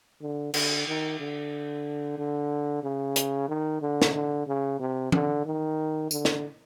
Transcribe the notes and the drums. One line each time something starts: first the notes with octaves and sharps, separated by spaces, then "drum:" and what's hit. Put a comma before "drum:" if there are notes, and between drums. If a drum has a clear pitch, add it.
D3
D3, drum: cymbal
D#3
D3
D3
C#3
drum: hi-hat
D#3
D3
drum: snare
D3
C#3
C3
D3, drum: tom E3
D#3
D3, drum: tambourine
drum: snare